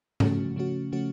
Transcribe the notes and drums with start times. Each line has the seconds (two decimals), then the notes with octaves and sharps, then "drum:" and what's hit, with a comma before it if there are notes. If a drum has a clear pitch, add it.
0.20 C#3 F3 A3 C#4 F#4, drum: tom G#2
0.56 C#3 F3 A3 C#4 F#4
0.92 C#3 F3 A3 C#4 F#4